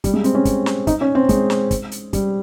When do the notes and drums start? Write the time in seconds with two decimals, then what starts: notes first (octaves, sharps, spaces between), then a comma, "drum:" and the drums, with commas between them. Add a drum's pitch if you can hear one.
0.04 G3, drum: kick, hi-hat
0.14 G#3
0.24 C4, drum: hi-hat
0.35 C#4
0.45 drum: kick, hi-hat
0.66 drum: snare
0.87 D#4, drum: kick, hi-hat
1.01 C#4
1.15 C4
1.29 G#3, drum: kick, hi-hat
1.50 drum: snare
1.71 drum: kick, hi-hat
1.92 drum: hi-hat
2.13 G3, drum: kick, hi-hat